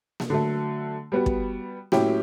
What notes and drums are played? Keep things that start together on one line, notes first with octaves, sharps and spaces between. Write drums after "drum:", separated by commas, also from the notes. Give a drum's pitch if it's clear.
drum: snare A#3
D3 F#3 A3
G3 B3 F#4
drum: kick
A2 F#3 C#4 E4 G4, drum: snare A#3